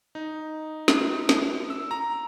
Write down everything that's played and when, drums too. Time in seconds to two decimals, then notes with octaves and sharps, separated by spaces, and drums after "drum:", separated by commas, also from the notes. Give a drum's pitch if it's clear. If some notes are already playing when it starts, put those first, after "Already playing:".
0.15 D#4
0.88 drum: snare
1.29 drum: snare
1.70 E6
1.91 A#5